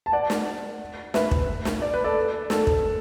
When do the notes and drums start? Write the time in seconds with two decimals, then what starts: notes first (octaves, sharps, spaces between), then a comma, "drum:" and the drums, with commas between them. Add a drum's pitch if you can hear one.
0.06 A5
0.12 D5 F#5
0.30 drum: snare
1.14 B4 E5, drum: snare
1.31 drum: kick
1.65 drum: snare
1.82 D5
1.94 B4
2.04 A4 D5
2.50 A4, drum: snare
2.67 drum: kick